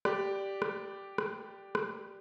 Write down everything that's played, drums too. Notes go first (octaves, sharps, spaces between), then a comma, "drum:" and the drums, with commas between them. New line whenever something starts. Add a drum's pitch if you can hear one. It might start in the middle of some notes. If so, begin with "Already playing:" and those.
G4 D5, drum: rim click
drum: rim click
drum: rim click
drum: rim click